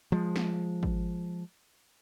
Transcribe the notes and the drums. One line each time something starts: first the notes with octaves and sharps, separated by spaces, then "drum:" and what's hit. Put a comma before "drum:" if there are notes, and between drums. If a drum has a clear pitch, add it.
F3 G#3
drum: snare
drum: kick G#1